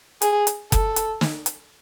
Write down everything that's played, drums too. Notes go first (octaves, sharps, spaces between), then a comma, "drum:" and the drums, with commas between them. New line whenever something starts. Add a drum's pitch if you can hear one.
G#4, drum: hi-hat
drum: hi-hat
A4, drum: kick F#1, hi-hat
drum: hi-hat
drum: snare
drum: hi-hat